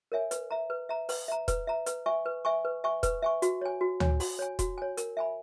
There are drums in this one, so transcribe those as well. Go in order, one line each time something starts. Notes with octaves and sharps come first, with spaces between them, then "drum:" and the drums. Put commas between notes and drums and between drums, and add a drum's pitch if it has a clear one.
A#4 C#5 E5 G#5
B4, drum: hi-hat
E5 A#5
B4
E5 A#5
B4, drum: open hi-hat
E5 A#5
B4, drum: kick E1, hi-hat
E5 A#5
B4, drum: hi-hat
E5 G#5 C#6
B4
E5 G#5 C#6
B4
E5 G#5 C#6
B4, drum: kick E1, hi-hat
E5 G#5 C#6
F#4, drum: hi-hat
C#5 G#5
F#4
C#5 G#5, drum: tom D2
F#4, drum: open hi-hat
C#5 G#5
F#4, drum: kick E1, hi-hat
C#5 G#5
A#4, drum: hi-hat
E5 G#5 B5